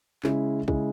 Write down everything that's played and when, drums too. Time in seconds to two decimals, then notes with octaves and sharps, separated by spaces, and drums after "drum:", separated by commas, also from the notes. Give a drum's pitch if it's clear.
0.23 C#3 G#3 C#4 E4, drum: clap
0.68 C#3 G#3 C#4 E4, drum: kick